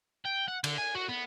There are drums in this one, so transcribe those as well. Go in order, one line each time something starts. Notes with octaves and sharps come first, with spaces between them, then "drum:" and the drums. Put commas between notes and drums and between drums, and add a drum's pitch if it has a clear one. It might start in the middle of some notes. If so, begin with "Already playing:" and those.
G5
F#5
D3, drum: cymbal
G#5
F#4
B3